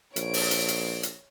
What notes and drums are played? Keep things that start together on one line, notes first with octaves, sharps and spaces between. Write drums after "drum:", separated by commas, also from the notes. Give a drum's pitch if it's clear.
A#1 C#5 D7, drum: hi-hat
drum: open hi-hat
drum: hi-hat
drum: hi-hat
drum: hi-hat